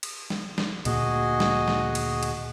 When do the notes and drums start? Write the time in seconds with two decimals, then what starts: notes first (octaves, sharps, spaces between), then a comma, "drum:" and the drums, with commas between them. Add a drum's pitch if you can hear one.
0.03 drum: cymbal
0.30 drum: snare
0.58 drum: snare
0.85 D2 A#2 A#3 F#4 G#4 D#5, drum: cymbal
1.40 drum: snare
1.68 drum: snare
1.95 drum: cymbal
2.23 drum: cymbal